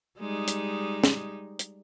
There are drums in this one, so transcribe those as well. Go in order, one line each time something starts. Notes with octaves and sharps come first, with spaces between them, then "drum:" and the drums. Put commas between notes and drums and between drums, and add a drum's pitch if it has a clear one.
G3 G#3 D#4
drum: hi-hat
drum: snare
drum: hi-hat